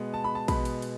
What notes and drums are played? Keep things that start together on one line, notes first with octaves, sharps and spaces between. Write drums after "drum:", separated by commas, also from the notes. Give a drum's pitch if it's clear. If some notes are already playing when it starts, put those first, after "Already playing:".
Already playing: B2 G#3 B3
A5
B5
A5
B2 G#3 B3 B5, drum: kick, cymbal
drum: cymbal
drum: cymbal